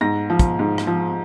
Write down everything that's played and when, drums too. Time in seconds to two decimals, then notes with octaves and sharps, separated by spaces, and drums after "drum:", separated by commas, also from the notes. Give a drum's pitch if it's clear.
0.01 G#2 A#6
0.30 F3
0.39 drum: kick, hi-hat
0.59 G#2
0.78 drum: rim click
0.87 F3